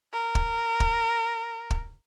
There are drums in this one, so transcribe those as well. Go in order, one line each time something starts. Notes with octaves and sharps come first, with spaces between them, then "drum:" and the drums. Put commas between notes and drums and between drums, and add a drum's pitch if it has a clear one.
A#4
drum: kick
drum: kick
drum: kick